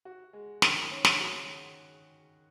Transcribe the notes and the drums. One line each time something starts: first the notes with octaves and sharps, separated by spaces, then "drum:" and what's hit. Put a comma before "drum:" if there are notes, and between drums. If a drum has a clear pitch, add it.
F#4
G#3
D#3, drum: snare
C#4
drum: snare
F#4